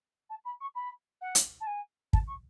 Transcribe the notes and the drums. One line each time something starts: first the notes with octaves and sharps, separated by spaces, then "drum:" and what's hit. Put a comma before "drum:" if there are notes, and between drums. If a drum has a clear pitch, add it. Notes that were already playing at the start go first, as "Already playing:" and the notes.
A5
B5
C#6
B5
F#5
drum: hi-hat
A5
G#5
A5, drum: kick
C#6